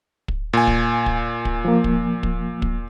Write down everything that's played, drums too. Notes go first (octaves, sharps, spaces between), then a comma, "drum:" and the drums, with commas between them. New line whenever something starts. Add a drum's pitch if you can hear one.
drum: kick
A#2 G#5
drum: kick
drum: kick
drum: kick
F3 A#3
drum: kick
drum: kick
drum: kick